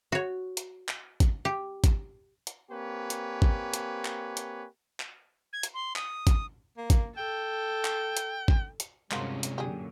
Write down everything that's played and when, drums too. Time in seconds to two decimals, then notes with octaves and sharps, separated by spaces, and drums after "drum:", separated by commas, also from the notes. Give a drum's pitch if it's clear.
0.12 F#4 C#5
0.57 drum: hi-hat
0.89 drum: clap
1.20 drum: kick, hi-hat
1.45 G4
1.84 drum: kick, hi-hat
2.47 drum: hi-hat
2.71 A#3 C4 G4 B4 C#5 G#5
3.10 drum: hi-hat
3.42 drum: kick
3.74 drum: hi-hat
4.05 drum: clap
4.37 drum: hi-hat
5.00 drum: clap
5.53 G#6
5.63 drum: hi-hat
5.74 C6
5.96 D#6, drum: clap
6.27 drum: kick, hi-hat
6.77 A#3
6.90 drum: kick, hi-hat
7.17 A4 G5
7.85 drum: clap
8.17 drum: hi-hat
8.48 drum: kick
8.80 drum: hi-hat
9.11 G2 C3 F3 G#3 C#4 F#4 A#4, drum: clap
9.43 drum: hi-hat
9.58 F#2 A#2 D3 G4 G#4